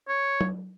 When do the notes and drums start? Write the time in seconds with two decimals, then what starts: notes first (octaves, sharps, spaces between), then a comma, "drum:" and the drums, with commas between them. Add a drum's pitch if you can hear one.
0.08 C#5
0.41 drum: tom